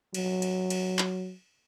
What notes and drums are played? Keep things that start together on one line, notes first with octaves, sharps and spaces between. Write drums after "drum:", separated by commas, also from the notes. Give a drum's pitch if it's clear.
F#3, drum: cymbal
drum: cymbal
drum: cymbal
drum: clap